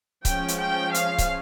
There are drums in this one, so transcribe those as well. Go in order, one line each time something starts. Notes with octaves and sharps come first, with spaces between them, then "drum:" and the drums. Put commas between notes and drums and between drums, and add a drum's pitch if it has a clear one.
F3 G#3 C#4 G5, drum: kick C#1, hi-hat
drum: hi-hat
G5
F5, drum: hi-hat
drum: kick C#1, hi-hat